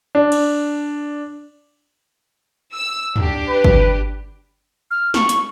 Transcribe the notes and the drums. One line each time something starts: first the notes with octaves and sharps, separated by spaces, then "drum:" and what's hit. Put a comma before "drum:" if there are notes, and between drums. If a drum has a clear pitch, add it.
D4
drum: cymbal
E6
D4 G4, drum: tom
B4
drum: kick
F6
C#6, drum: snare
drum: hi-hat